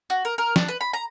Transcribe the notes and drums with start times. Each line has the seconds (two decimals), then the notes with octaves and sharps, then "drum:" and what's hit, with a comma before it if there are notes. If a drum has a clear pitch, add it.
0.10 F#4
0.25 A#4
0.38 A#4
0.56 D4, drum: snare
0.68 B4
0.81 B5
0.93 A#5